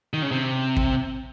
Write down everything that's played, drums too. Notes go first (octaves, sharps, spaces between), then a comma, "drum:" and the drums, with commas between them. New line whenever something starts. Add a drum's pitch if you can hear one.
D#3
C#3
C3
drum: kick